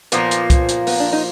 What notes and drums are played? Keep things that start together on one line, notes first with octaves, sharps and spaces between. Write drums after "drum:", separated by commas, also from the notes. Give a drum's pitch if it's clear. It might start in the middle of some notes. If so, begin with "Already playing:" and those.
A#2 F3 A#3 B3, drum: hi-hat
drum: hi-hat
drum: kick, hi-hat
drum: hi-hat
B3, drum: open hi-hat
D4
D#4